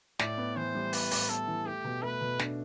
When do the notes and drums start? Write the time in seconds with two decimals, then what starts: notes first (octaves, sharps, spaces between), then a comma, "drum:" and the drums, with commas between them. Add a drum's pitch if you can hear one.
0.19 A2 D5, drum: snare
0.38 B3
0.56 E3 C5
0.75 G3
0.93 B3 B4, drum: open hi-hat
1.11 A2, drum: open hi-hat
1.29 B3 A4
1.48 E3
1.66 A3 G4
1.84 B2
2.02 A3 B4
2.21 B2
2.39 D4, drum: snare